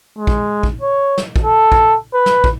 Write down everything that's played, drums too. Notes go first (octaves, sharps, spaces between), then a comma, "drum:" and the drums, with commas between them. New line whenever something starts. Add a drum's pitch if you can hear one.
G#3
drum: kick
drum: kick
C#5
drum: snare
drum: kick
A4
drum: kick
B4
drum: snare
drum: kick